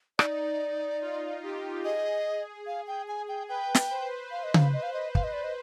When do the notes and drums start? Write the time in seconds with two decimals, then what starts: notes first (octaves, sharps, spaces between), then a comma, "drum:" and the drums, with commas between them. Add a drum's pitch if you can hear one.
0.19 D#4 D5, drum: rim click
1.01 F4
1.43 G4
1.84 G#4 D#5
2.67 F5
2.88 G5
3.08 G#5
3.29 G5
3.49 B4 G5
3.75 drum: snare
3.90 C5
4.31 F5
4.44 D#5
4.54 F5, drum: tom C#3
4.73 D#5
4.83 F5
4.94 D#5
5.15 F5, drum: kick
5.24 D#5
5.33 D5
5.44 D#5